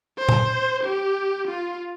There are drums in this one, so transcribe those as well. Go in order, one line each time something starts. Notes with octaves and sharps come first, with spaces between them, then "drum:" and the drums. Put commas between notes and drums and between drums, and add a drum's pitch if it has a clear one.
C5
drum: tom A#2
G4
F4